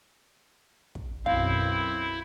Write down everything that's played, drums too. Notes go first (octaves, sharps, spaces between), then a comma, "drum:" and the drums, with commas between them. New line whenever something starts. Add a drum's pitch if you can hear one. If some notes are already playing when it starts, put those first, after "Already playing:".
drum: kick
B1 F#2 C4 E4 F5, drum: kick